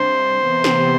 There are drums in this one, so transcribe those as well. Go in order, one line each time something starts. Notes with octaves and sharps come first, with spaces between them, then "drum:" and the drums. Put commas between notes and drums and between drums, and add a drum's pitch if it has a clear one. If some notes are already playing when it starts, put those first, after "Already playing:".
Already playing: C3 G3 D4 C5
C3 E3 B3
drum: snare